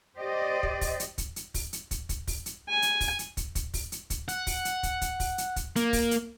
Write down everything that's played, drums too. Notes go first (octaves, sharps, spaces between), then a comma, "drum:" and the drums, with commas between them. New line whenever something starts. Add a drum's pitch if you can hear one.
G4 C5 D5 D#5
drum: kick
drum: kick, open hi-hat
drum: hi-hat
drum: kick, hi-hat
drum: hi-hat
drum: kick, open hi-hat
drum: hi-hat
drum: kick, hi-hat
drum: kick, hi-hat
drum: kick, open hi-hat
drum: hi-hat
G#5
drum: hi-hat
drum: kick, open hi-hat
drum: hi-hat
drum: kick, hi-hat
drum: kick, hi-hat
drum: kick, open hi-hat
drum: hi-hat
drum: kick, hi-hat
F#5, drum: hi-hat
drum: kick, open hi-hat
drum: hi-hat
drum: kick, hi-hat
drum: kick, hi-hat
drum: kick, open hi-hat
drum: hi-hat
drum: kick, hi-hat
A#3, drum: hi-hat
drum: kick, open hi-hat
drum: hi-hat